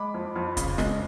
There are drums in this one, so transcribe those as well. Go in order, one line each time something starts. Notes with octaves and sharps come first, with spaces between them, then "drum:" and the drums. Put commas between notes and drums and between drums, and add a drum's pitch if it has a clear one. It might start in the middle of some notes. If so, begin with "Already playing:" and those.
Already playing: G#3 B5 D6
F2
F2
C#3, drum: kick, hi-hat
G#3, drum: snare